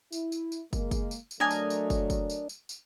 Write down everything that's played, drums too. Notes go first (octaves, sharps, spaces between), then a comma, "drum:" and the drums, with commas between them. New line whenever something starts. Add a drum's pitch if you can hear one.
E4, drum: tambourine
drum: tambourine
drum: tambourine
G#3 A#3, drum: kick, tambourine
drum: kick, tambourine
drum: tambourine
drum: tambourine
F#3 A3 D4 A#4 D#5 G#5
drum: tambourine
drum: tambourine
drum: kick, tambourine
drum: kick, tambourine
drum: tambourine
drum: tambourine
drum: tambourine